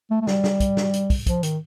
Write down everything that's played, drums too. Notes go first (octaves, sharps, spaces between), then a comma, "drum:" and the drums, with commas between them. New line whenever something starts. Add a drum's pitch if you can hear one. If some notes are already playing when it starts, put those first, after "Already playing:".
A3
A3
G3, drum: snare
drum: snare
drum: kick, hi-hat
drum: snare
drum: hi-hat
drum: kick, open hi-hat
F3, drum: kick, hi-hat
D#3, drum: hi-hat